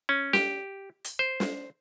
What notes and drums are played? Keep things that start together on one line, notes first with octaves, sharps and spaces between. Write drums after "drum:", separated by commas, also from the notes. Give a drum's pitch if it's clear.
C#4
G4, drum: snare
drum: hi-hat
C5
drum: snare